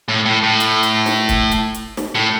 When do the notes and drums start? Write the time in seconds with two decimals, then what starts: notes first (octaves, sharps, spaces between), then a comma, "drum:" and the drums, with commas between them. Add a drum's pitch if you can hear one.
0.08 A2
0.26 A2
0.43 A2
0.60 drum: hi-hat
0.83 drum: hi-hat
1.06 drum: snare
1.29 drum: kick, hi-hat
1.52 drum: hi-hat
1.74 drum: hi-hat
1.97 drum: snare
2.15 A2